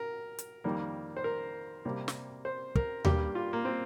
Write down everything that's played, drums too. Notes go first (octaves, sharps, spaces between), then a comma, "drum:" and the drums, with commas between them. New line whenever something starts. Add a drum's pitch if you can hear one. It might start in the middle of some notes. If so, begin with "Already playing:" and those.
Already playing: A#4
drum: hi-hat
F2 D#3 G3 A#3
C5
A#4
C3 G3 A#3
drum: snare
C5
A#4, drum: kick
G2 G3 A#3 G4, drum: tom D#2
F4
A#3
C4